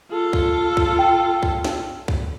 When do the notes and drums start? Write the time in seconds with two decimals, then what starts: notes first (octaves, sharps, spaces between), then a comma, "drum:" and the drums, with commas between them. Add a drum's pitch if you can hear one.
0.11 F4 A4
0.33 drum: kick
0.77 drum: kick
0.99 G5
1.43 drum: kick
1.64 drum: snare
2.08 drum: kick